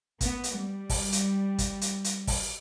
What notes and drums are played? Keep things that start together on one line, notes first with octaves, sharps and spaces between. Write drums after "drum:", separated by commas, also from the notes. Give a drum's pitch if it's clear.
B3, drum: kick, hi-hat
drum: hi-hat
G3
drum: kick, open hi-hat
drum: hi-hat
drum: kick, hi-hat
drum: hi-hat
drum: hi-hat
drum: kick, open hi-hat